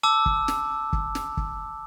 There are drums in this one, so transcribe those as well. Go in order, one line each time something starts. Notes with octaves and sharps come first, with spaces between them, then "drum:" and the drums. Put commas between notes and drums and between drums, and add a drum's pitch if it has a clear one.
A5 D6 E6
drum: kick
drum: snare
drum: kick
drum: snare
drum: kick